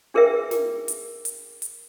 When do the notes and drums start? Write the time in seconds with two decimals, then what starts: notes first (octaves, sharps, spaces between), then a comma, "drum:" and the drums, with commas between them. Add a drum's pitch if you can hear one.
0.14 D4 G#4 A#4 B4 E5 G5
0.51 drum: snare
0.88 drum: hi-hat
1.25 drum: hi-hat
1.62 drum: hi-hat